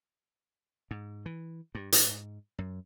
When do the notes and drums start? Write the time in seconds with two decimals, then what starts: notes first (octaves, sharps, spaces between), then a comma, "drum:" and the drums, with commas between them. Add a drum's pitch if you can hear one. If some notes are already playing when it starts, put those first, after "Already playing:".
0.91 G#2
1.26 E3
1.75 G2
1.92 G#2, drum: hi-hat
2.58 F#2